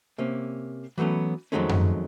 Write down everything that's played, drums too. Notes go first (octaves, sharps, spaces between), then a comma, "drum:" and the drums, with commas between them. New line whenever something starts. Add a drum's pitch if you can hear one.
C3 A#3 C#4
E3 F#3 A3 B3 C#4
F2 D#3 F#3 G#3 A3 C#4
drum: tom F#2